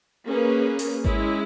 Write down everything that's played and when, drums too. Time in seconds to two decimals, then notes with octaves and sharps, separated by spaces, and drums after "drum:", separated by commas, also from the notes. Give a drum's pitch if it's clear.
0.29 A#3 C#4 G#4 B4
0.79 drum: open hi-hat
1.05 G#3 C#4 E4, drum: kick G#1